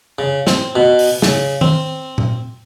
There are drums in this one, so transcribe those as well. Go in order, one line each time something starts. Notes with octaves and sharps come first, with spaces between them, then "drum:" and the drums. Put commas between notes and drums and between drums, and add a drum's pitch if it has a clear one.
C#3
C4, drum: snare
B2
drum: open hi-hat
C#3, drum: snare
C4, drum: tom D#3
drum: tom A#2